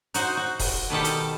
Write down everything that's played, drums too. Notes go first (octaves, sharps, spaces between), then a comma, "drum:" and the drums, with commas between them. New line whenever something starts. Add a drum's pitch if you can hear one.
D#4 F#4 C5, drum: hi-hat
F#4
drum: kick E1, open hi-hat
B2 D#3 G3 A4
drum: hi-hat